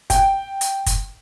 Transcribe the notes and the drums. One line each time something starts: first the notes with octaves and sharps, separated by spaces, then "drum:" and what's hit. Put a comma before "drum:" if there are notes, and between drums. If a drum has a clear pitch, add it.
G5, drum: kick, hi-hat
drum: hi-hat
drum: kick, hi-hat